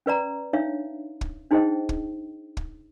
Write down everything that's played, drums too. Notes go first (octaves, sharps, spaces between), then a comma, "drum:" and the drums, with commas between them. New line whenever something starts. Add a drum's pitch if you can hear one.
C#4 B4 D5 A#5
D4 D#4 C#5 E5 F5
drum: kick
D4 D#4 G#4 C5 D#5 G5
drum: kick
drum: kick